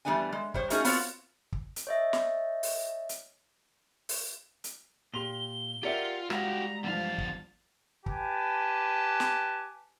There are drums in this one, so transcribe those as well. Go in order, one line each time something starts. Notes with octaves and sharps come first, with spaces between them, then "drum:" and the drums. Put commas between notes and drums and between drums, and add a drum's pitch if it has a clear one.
E2 G3 A3 B3 D4 G#5
G#3
G3 C5 C#5, drum: kick
A3 A#3 C#4 D#4 F#4 G#4, drum: hi-hat
B3 C4 F4 F#4 C#5, drum: open hi-hat
drum: kick
drum: hi-hat
C#5 D#5 E5
drum: snare
drum: open hi-hat
drum: hi-hat
drum: open hi-hat
drum: hi-hat
A#2 G4 C6 F7 G7
F4 G4 A#4 D5 E5 F#5 G5
G3 G#3 F#4 G4 F5 F#5 A#5, drum: rim click
E2 G2 F3 F5 A6
drum: kick
G4 B4 G#5 A5, drum: kick
drum: snare